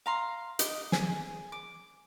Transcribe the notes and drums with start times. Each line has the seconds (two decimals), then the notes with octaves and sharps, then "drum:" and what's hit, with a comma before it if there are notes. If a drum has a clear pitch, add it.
0.06 F5 A#5 C6
0.59 D#5 D6, drum: hi-hat
0.92 G#4, drum: snare
1.52 D6